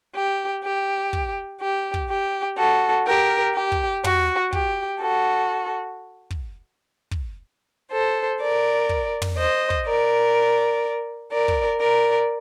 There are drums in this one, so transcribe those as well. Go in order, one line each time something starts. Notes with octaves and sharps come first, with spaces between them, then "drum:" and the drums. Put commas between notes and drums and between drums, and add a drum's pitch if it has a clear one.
G4
G4
drum: kick
G4
drum: kick
G4
F#4 A4
G4 A#4
G4
drum: kick
F#4, drum: tom
G4, drum: kick
F#4 A4
drum: kick
drum: kick
A4 C5
A#4 D5
drum: kick
drum: tom
C5 D#5
drum: kick
A#4 D5
A#4 D5
drum: kick
A#4 D5